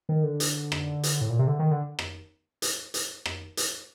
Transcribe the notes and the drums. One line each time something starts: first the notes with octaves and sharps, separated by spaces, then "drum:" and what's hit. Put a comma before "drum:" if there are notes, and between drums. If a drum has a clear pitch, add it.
D#3
D3
drum: hi-hat
drum: rim click
drum: hi-hat
A2
A#2
C3
D3
D#3
D3
drum: rim click
drum: hi-hat
drum: hi-hat
drum: rim click
drum: hi-hat